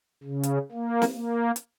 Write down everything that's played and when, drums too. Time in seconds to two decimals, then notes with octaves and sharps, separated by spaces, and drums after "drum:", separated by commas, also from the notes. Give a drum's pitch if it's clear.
0.24 C#3
0.43 drum: hi-hat
0.72 A#3
1.02 drum: snare
1.13 A#3
1.56 drum: hi-hat